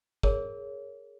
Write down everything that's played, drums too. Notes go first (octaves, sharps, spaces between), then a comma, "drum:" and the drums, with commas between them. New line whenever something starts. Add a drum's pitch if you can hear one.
G#4 A#4 C#5, drum: kick